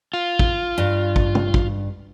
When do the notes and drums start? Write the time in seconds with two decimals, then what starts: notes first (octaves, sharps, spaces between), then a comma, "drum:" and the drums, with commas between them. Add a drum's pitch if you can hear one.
0.14 F4
0.39 drum: kick
0.78 G2
1.16 drum: kick
1.35 drum: tom
1.54 drum: kick